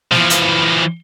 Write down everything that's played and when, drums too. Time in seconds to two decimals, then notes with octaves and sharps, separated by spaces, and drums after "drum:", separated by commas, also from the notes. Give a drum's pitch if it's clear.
0.11 E3 F3, drum: snare
0.30 drum: hi-hat